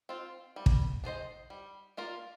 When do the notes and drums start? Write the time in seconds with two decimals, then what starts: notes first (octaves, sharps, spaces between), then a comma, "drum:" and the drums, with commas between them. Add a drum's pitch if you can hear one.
0.09 C4 F4
0.56 G3
0.66 drum: kick
1.04 D4 G#4 C5 D#5
1.50 G3
1.97 A#3 F4 A#4 D5